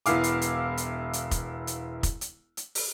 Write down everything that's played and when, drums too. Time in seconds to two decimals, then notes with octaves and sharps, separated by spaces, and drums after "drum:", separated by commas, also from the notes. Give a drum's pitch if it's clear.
0.06 E1 B3 E4 F5 D6, drum: hi-hat
0.24 drum: hi-hat
0.42 drum: hi-hat
0.77 drum: hi-hat
1.13 drum: hi-hat
1.31 drum: kick F1, hi-hat
1.67 drum: hi-hat
2.03 drum: kick F1, hi-hat
2.21 drum: hi-hat
2.57 drum: hi-hat
2.75 drum: open hi-hat